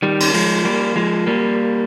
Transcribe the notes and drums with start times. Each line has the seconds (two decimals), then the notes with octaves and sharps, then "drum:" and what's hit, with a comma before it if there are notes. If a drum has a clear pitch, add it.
0.02 D#3 G3
0.20 drum: cymbal
0.34 F3 G#3, drum: open hi-hat
0.65 G3 A#3
0.96 F3 G#3
1.27 G3 A#3